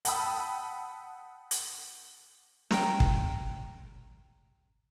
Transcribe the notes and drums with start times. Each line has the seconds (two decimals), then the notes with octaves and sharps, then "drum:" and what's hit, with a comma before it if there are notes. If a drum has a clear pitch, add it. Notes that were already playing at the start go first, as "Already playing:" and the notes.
0.05 F#5 G5 A5 B5 D#6 E6, drum: hi-hat
1.51 drum: hi-hat
2.71 G5 A#5, drum: snare
3.00 drum: kick